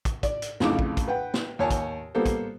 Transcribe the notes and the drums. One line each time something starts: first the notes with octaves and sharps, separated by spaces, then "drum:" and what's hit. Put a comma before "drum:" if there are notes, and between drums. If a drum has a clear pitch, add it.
drum: kick, hi-hat
D5, drum: kick, hi-hat
drum: hi-hat
B1 F2 A2 C#3 D#4 D6, drum: snare
drum: kick
drum: kick, hi-hat
B4 F#5 G5
drum: snare
D#2 C#5 G#5 A5
drum: kick, hi-hat
G3 A#3 B3 A4 C5
drum: kick, hi-hat